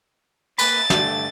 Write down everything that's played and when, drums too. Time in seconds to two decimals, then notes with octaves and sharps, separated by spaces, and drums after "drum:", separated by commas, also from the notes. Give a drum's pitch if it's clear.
0.58 A#3 B4 B5 A6, drum: cymbal
0.90 G2 D3 A3, drum: snare